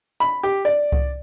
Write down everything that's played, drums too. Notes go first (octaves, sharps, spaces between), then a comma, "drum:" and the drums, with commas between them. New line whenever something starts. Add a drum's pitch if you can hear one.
B5
G4
D5
drum: kick C2